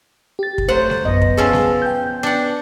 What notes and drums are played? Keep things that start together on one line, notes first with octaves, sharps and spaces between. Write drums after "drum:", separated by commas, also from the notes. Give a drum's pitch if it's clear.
G4 A6
drum: kick
F#3 A3 C5 F#5
drum: snare G3
A#1 F#2 B3 D#5
drum: kick
F3 C#4 G#4 A4
drum: snare G3
G5 G6
B3 D4 F#5